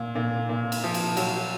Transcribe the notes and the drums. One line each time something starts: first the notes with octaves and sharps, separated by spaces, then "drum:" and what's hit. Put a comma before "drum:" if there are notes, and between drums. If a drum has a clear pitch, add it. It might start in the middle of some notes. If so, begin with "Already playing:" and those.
Already playing: A#2
A#2
A#2
drum: cymbal
F3
drum: cymbal
F#3, drum: cymbal